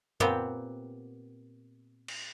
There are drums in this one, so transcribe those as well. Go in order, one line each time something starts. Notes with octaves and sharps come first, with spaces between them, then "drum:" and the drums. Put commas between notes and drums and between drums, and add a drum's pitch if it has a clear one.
A#2 B3 C4 G4, drum: tom F#2
drum: cymbal